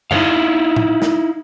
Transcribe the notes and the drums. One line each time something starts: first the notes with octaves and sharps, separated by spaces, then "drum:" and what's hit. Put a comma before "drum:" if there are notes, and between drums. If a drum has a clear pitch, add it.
D#4 E4 B4 C#5 F5, drum: tom F#2
drum: tom A2
drum: snare